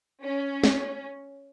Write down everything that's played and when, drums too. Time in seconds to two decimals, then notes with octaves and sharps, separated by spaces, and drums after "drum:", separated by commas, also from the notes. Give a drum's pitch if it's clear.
0.24 C#4
0.64 drum: snare